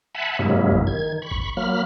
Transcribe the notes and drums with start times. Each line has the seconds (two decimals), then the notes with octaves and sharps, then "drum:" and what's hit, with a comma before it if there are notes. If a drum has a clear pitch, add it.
0.15 E5 F#5 G#5 A5 B5
0.39 G2 C3 F#3 G#3 A#3 E4
0.72 drum: kick
0.87 D#3 G#6
1.22 B5 C#6
1.31 drum: kick
1.57 F#3 A#3 B5 F6